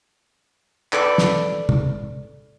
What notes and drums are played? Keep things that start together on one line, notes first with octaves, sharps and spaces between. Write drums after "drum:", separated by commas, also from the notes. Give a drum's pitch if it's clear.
A4 B4 D5, drum: clap
drum: snare
drum: tom